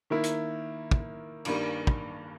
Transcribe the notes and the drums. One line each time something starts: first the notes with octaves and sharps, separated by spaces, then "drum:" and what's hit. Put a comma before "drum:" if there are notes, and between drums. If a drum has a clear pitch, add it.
D#3 A#3 E4
drum: hi-hat
drum: kick
G2 D#3 G3 A#3, drum: cymbal
drum: kick